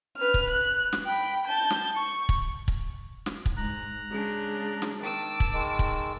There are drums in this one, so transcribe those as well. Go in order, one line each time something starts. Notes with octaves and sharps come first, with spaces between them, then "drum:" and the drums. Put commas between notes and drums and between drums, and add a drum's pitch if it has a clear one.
B4 F6
drum: kick
F#6
drum: snare
G5 B5
A5 G6
drum: snare
C#6
drum: kick
drum: kick
drum: snare
drum: kick
G#2 A#5 F#6
C#3 G#3 D4
drum: snare
D#3 A5 D6 E6
drum: kick
D#3 G#3
drum: kick